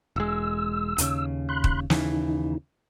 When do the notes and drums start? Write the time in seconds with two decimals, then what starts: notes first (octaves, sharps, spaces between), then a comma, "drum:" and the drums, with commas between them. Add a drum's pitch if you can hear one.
0.16 E1 G#3 E6
0.98 D#2 C#3, drum: hi-hat
1.49 B5 C6 F#6
1.64 drum: kick
1.90 D#2 C#3 E3 D#4, drum: snare